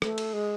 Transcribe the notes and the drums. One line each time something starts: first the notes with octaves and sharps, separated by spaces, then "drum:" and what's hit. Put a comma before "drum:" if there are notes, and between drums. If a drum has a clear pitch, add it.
A3, drum: rim click
drum: cymbal
G#3